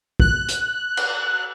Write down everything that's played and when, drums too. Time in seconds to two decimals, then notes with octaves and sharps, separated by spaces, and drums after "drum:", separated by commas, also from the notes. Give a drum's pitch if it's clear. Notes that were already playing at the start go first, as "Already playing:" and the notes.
0.20 F#6, drum: kick
0.49 drum: hi-hat
0.97 drum: cymbal